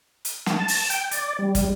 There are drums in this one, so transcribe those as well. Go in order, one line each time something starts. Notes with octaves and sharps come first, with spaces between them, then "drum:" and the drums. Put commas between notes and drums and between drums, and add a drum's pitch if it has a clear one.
drum: hi-hat
drum: snare
A5
drum: open hi-hat
G5, drum: hi-hat
D5, drum: hi-hat
G3
drum: kick, hi-hat